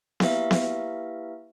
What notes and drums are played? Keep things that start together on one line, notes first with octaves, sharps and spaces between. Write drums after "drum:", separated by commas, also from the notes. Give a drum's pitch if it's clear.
A#3 E4 G4 B4 E5 F5, drum: snare B3
drum: snare B3